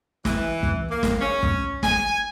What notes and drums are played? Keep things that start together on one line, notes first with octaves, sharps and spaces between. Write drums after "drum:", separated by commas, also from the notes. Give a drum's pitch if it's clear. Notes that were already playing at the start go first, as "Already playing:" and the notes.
E3, drum: snare
drum: kick
A#3
drum: snare
C#4
drum: kick
G#5, drum: snare